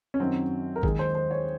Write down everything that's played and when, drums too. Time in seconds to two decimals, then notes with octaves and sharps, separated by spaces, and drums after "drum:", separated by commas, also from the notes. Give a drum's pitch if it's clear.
0.14 C#4
0.20 F#2 D#3 F#3 C4
0.76 A#4
0.83 D#2 D#3 G#3 G#4, drum: kick
0.99 C5
1.15 C5
1.31 C#5